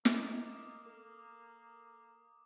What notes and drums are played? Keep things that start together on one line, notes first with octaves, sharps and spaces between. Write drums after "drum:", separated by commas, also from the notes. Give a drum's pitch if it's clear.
A#3 D#5 D6 D#6, drum: snare
A4 A#4